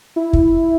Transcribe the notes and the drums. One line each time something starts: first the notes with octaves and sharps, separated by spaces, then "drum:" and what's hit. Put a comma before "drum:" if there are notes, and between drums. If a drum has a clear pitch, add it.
E4
drum: kick